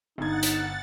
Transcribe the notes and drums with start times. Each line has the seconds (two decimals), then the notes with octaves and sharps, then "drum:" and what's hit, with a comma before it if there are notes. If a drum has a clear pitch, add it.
0.18 G1 D#4 F#5 G#6 A6
0.43 drum: hi-hat